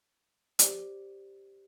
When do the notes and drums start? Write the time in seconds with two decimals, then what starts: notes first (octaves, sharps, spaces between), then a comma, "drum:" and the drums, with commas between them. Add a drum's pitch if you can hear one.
0.59 G4 C5 D5 D6, drum: hi-hat